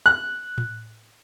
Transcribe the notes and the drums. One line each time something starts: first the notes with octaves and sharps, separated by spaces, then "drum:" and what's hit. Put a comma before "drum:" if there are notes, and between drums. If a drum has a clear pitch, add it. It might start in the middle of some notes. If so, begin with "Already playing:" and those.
F#6
drum: tom A2